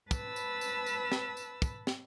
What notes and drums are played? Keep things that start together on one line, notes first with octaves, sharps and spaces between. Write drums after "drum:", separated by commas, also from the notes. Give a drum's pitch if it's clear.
B4 A5 B5 E6, drum: kick, tambourine
drum: tambourine
drum: tambourine
drum: tambourine
drum: snare
drum: tambourine
drum: kick, tambourine
drum: snare